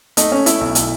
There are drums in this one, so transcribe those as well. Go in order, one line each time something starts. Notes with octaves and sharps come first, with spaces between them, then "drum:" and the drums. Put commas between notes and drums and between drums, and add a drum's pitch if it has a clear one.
A3 D#4, drum: hi-hat
A3 C#4
A3 E4, drum: hi-hat
B1
A3, drum: hi-hat